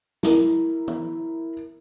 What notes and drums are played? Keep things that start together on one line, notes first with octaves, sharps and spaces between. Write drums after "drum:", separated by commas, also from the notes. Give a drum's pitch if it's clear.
E4 A#4, drum: snare
drum: tom